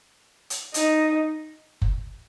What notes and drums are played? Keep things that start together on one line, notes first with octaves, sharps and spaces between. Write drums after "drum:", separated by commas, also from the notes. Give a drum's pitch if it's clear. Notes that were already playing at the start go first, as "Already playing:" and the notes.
drum: hi-hat
D#4, drum: hi-hat
drum: kick F#1